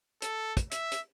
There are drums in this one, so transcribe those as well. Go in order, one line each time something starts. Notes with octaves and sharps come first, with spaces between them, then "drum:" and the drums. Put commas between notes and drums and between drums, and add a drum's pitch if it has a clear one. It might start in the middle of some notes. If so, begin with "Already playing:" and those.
A4, drum: hi-hat
drum: kick, hi-hat
E5, drum: hi-hat
drum: hi-hat